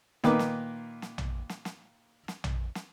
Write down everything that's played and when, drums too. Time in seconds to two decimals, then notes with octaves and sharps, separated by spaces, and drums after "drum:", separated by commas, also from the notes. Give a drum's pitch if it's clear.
0.24 A#2 D#3 A#3 B4 D6, drum: snare
0.39 drum: snare
1.02 drum: snare
1.18 drum: tom A#1
1.49 drum: snare
1.65 drum: snare
2.28 drum: snare
2.44 drum: tom A#1
2.75 drum: snare